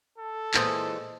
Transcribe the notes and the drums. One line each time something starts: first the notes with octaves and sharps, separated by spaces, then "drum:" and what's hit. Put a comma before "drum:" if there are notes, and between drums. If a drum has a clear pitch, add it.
A4
A#2 E3 G#3 E4 C5 D#6, drum: clap